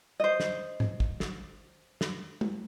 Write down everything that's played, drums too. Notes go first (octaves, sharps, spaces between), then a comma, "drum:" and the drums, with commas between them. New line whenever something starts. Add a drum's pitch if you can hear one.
C5 D#5
drum: snare
drum: tom G#2
drum: kick
drum: snare
drum: snare
drum: tom G#3